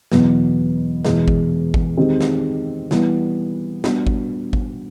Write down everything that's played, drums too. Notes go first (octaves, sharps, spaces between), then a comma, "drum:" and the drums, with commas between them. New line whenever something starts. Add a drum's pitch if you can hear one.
E2 B2 F#3 B3, drum: snare
E2 B2 G#3, drum: snare
drum: kick G#1
drum: kick G#1
D#3 G#3 C4 D#4 G4
drum: snare
E3 G3 B3, drum: snare
G3 B3 D4 F#4, drum: snare
drum: kick G#1
drum: kick G#1